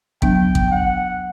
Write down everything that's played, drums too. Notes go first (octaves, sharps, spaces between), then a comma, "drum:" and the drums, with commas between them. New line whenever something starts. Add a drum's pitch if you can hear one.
F#3 B3 D4 G5, drum: kick A1
drum: kick A1
F#5